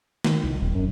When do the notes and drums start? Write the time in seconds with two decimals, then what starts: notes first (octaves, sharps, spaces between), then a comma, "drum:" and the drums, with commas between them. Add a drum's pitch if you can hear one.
0.24 D#3, drum: snare
0.44 C2
0.61 D#1
0.75 F#2